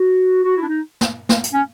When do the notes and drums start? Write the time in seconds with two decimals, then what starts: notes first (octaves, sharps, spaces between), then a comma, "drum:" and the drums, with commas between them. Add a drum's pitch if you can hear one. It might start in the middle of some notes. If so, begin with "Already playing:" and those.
Already playing: F#4
0.43 F#4
0.55 E4
0.62 D4
0.68 D#4
1.01 drum: snare
1.29 drum: snare
1.44 drum: hi-hat
1.53 C#4